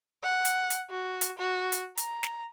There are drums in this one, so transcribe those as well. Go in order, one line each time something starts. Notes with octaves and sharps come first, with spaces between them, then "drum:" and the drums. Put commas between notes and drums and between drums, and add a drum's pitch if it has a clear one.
F#5
drum: hi-hat
drum: hi-hat
F#4
drum: hi-hat
F#4
drum: hi-hat
A#5, drum: hi-hat
drum: snare